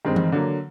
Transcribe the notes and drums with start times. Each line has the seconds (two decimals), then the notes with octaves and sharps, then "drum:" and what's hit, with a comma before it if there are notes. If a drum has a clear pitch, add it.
0.05 G2 D#3 G#3 C4 D#4
0.16 drum: tom E3
0.32 D3 F#3 A#3